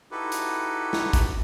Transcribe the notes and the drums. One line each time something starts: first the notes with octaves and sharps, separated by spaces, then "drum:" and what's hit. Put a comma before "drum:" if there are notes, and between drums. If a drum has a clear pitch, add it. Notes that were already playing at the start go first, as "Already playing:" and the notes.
D#4 E4 F#4 G4 A4 B4
drum: hi-hat
drum: snare
drum: kick, hi-hat